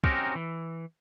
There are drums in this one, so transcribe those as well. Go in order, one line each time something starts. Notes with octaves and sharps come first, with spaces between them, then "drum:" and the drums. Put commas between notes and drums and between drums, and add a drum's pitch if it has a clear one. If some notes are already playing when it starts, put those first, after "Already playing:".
C4 C#4 D#4 F#4 G4 A#4, drum: kick
E3